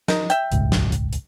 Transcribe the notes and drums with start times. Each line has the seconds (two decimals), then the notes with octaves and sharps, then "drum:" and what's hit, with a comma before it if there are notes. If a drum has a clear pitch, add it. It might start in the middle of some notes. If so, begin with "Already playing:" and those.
0.08 D#4 A#4, drum: snare
0.30 E5 G5, drum: hi-hat
0.52 D#1 G#1 C#2, drum: hi-hat
0.72 drum: snare
0.92 drum: hi-hat
1.13 drum: hi-hat